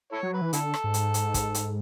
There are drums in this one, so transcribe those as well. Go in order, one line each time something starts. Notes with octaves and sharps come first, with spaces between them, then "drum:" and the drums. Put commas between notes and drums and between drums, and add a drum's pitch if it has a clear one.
E4 A4 C#5
F#3
B4
E3
D3 E4 A4, drum: hi-hat
drum: rim click
G#2
drum: hi-hat
drum: hi-hat
drum: kick, hi-hat
drum: hi-hat